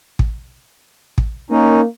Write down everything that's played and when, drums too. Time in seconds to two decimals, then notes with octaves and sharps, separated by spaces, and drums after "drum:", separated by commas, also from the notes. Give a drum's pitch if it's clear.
0.19 drum: kick
1.18 drum: kick
1.51 A#3 C#4 D#4